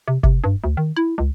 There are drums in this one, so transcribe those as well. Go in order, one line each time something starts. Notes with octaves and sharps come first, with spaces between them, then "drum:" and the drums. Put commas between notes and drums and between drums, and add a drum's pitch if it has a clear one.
C3
C3, drum: kick
G2
D2
D#3
E4
C#2